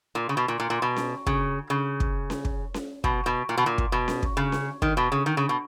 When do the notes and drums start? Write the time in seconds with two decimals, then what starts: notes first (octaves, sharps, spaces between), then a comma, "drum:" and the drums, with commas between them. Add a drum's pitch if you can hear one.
0.15 A#2
0.29 C#3
0.37 B2
0.48 A#2
0.60 A#2
0.70 A#2
0.82 B2
0.96 drum: snare C#4
1.27 C#3, drum: kick
1.70 C#3
2.00 drum: kick
2.30 drum: snare C#4
2.45 drum: kick
2.74 drum: snare C#4
3.04 B2, drum: kick
3.26 B2
3.49 A#2
3.58 B2
3.66 A#2
3.78 drum: kick
3.92 B2
4.08 drum: snare C#4
4.23 drum: kick
4.37 C#3
4.52 drum: snare C#4
4.82 D#3, drum: kick
4.97 B2
5.12 C#3
5.26 D#3
5.37 C#3
5.49 B2